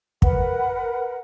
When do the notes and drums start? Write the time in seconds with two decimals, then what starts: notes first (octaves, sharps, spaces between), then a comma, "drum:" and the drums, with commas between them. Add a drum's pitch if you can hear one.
0.22 A#4 B4 F#5, drum: kick